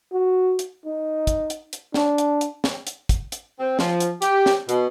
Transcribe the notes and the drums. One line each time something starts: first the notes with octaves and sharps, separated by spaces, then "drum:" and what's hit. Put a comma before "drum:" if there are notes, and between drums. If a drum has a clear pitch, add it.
F#4
drum: hi-hat
D#4
drum: kick, hi-hat
drum: hi-hat
drum: hi-hat
D4, drum: snare
drum: hi-hat
drum: hi-hat
drum: snare
drum: hi-hat
drum: kick, hi-hat
drum: hi-hat
C4
F3, drum: snare
drum: hi-hat
G4, drum: hi-hat
drum: snare
B2, drum: hi-hat